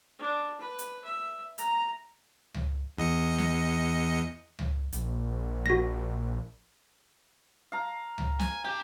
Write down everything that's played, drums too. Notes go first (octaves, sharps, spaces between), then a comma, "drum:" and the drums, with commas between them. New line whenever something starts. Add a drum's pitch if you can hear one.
D4
B4
drum: hi-hat
E5
A#5, drum: hi-hat
drum: tom C#2
E2 D#5 C#7
drum: snare
drum: tom C#2
A#1, drum: hi-hat
F#4 A#6
F5 A#5
drum: tom C#2
G#5, drum: snare
D4 G4 G5